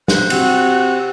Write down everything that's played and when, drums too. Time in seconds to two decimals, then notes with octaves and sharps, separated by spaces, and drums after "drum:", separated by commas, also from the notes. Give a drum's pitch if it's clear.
0.08 C5 F#6, drum: snare
0.30 C3 C4 F#4, drum: cymbal